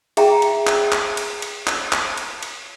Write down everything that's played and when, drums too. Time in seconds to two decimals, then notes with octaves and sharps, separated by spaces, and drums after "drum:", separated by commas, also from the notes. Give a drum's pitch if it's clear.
0.17 G#4 E5 G5 A#5, drum: cymbal
0.42 drum: cymbal
0.67 drum: clap
0.92 drum: clap
1.17 drum: cymbal
1.42 drum: cymbal
1.67 drum: clap
1.92 drum: clap
2.17 drum: cymbal
2.43 drum: cymbal